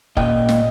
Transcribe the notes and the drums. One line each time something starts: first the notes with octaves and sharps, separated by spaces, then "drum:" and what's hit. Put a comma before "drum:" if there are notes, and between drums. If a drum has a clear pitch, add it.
A#2 D#5 G5, drum: kick F#1
drum: snare